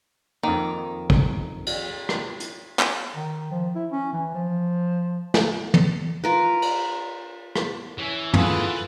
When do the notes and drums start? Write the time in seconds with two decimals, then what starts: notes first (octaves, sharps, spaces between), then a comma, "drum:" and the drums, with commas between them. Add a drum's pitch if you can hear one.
0.43 F2 D#3 A#3
1.10 drum: kick
1.66 drum: cymbal
2.09 drum: rim click
2.40 drum: hi-hat
2.79 drum: clap
3.16 D#3
3.51 F3
3.76 E4
3.92 C#4
4.13 E3
4.35 F3
5.34 drum: snare
5.74 drum: tom
6.24 F4 A#4 B4
6.62 drum: cymbal
7.56 drum: rim click
7.98 E3 C#4
8.34 D3 F4 G#4 A4 B4, drum: tom